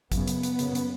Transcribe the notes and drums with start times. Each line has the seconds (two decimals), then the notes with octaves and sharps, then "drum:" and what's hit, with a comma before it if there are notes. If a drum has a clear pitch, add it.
0.12 F#2 C#3 B3, drum: kick G#1, hi-hat
0.28 drum: hi-hat
0.43 drum: hi-hat
0.59 F#2 C#3, drum: hi-hat
0.75 drum: hi-hat